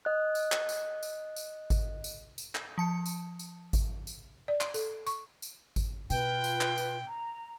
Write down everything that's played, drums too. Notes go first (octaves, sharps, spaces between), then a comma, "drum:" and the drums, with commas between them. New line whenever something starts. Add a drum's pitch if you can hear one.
D#5 F#6
drum: tambourine
drum: clap
drum: tambourine
drum: tambourine
drum: tambourine
drum: kick G#1, tambourine
drum: tambourine
drum: tambourine
drum: clap
F3 A5 C#7
drum: tambourine
drum: tambourine
drum: kick G#1, tambourine
drum: tambourine
D5
C6, drum: clap
A4, drum: tambourine
C#6, drum: tambourine
drum: tambourine
drum: kick G#1, tambourine
B2 F4 B4 G5, drum: tambourine
drum: tambourine
drum: clap
drum: tambourine
A#5